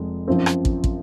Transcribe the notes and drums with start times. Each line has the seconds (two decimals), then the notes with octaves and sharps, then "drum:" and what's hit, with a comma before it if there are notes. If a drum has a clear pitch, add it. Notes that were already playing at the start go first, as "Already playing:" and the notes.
Already playing: F1 G#3
0.27 F#2 F3 C4
0.46 drum: rim click
0.65 drum: kick
0.84 drum: kick